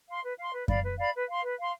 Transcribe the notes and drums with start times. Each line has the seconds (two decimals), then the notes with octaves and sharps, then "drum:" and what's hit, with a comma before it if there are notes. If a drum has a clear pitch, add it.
0.09 F5 C6
0.23 B4
0.38 F5 C6
0.54 B4
0.68 D5 F5 B5, drum: kick F#2
0.83 B4
0.98 D5 F5 B5
1.13 B4
1.29 F5 C6
1.42 B4
1.58 F5 C6